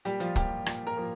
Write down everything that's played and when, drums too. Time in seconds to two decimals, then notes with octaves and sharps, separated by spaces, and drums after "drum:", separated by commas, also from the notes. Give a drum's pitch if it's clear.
0.05 A#2 G3 G4, drum: hi-hat
0.20 F3 F4, drum: hi-hat
0.36 F3 G3 A#3 G4, drum: kick, hi-hat
0.66 A#2, drum: rim click
0.87 A#4 A#5
0.97 F3 A#3